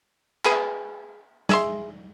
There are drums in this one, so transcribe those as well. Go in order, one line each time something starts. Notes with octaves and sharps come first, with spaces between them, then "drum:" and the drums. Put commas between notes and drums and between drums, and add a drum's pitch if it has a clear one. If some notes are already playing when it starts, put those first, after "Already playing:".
G#4 B4, drum: clap
G#4 E5 C6, drum: snare